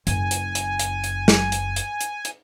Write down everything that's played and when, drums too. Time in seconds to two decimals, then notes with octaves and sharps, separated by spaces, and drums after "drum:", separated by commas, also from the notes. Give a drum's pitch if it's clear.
0.07 F#1 G#5, drum: hi-hat
0.31 drum: hi-hat
0.55 drum: hi-hat
0.79 drum: hi-hat
1.04 drum: hi-hat
1.28 drum: snare
1.52 drum: hi-hat
1.76 drum: hi-hat
2.01 drum: hi-hat
2.25 drum: hi-hat